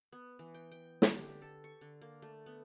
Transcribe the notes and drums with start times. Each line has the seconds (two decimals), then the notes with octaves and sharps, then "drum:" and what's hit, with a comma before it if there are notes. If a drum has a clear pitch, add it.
0.12 B3
0.39 E3
0.54 G5
0.72 G5
1.02 D3, drum: snare
1.15 G4
1.42 A4
1.64 C#6
1.81 D3
2.02 A#3
2.22 A3
2.46 B3